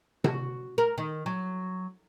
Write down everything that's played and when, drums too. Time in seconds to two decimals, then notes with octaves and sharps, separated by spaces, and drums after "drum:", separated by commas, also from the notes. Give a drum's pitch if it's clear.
0.24 F#4, drum: tom C3
0.78 A#4
0.98 D#3
1.26 F#3